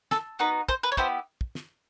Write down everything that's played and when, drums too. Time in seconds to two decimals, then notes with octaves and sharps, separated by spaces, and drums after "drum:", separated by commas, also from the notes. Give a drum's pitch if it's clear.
0.11 A4, drum: snare
0.39 B3 D#4 F#4 B4
0.69 C5, drum: kick
0.83 B4
0.92 C#5
0.97 B3 E4 G4 C5, drum: kick
1.41 drum: kick
1.55 drum: snare